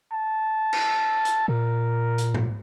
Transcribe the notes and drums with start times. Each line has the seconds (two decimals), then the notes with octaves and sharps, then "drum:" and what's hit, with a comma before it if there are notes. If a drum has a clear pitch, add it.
0.12 A5
0.73 drum: cymbal
1.25 drum: hi-hat
1.48 A#2 A#4
2.18 drum: hi-hat
2.34 drum: tom G#2